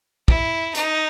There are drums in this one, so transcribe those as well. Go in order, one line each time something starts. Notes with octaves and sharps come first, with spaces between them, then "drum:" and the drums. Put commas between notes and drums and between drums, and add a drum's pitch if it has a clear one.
E4, drum: kick
D#4, drum: hi-hat